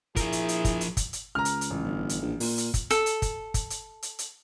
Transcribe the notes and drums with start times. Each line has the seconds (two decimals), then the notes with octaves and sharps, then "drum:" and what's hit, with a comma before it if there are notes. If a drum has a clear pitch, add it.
0.16 F3 E4 G#4 A#4, drum: kick, hi-hat
0.32 drum: hi-hat
0.49 drum: hi-hat
0.65 drum: kick, hi-hat
0.81 drum: hi-hat
0.97 drum: kick, hi-hat
1.13 drum: hi-hat
1.35 C#2 A#5 F6
1.45 drum: hi-hat
1.61 drum: hi-hat
1.71 A1
1.85 G1
2.09 drum: hi-hat
2.22 A#1
2.40 A#2, drum: open hi-hat
2.58 drum: hi-hat
2.74 drum: kick, hi-hat
2.91 A4, drum: hi-hat
3.06 drum: hi-hat
3.22 drum: kick, hi-hat
3.54 drum: kick, hi-hat
3.70 drum: hi-hat
4.03 drum: hi-hat
4.19 drum: hi-hat